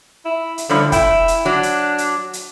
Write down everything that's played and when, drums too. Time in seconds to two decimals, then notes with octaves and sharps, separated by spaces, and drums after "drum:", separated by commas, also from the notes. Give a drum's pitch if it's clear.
0.25 E4
0.58 drum: hi-hat
0.69 A2 D3 F3 G3
0.92 E4 G5, drum: kick, hi-hat
1.28 drum: hi-hat
1.46 F#3 D4
1.63 drum: hi-hat
1.98 drum: hi-hat
2.33 drum: hi-hat